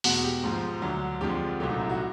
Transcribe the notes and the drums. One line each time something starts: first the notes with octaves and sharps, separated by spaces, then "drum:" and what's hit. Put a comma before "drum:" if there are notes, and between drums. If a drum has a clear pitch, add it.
E2 B2 G#3 F#4, drum: open hi-hat
G4
G#2 F3 G#3
D2 D3 F#3
F2 D3 F3 G#3 G4
C2 A#2 F#3 A3 G4
D#4
E4
F#4